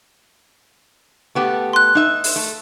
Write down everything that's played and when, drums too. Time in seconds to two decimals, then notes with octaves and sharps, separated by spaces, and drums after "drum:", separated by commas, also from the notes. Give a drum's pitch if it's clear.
1.35 A3 B3 G4
1.73 C6 F#6
1.95 D#4 E5
2.24 drum: open hi-hat
2.36 A3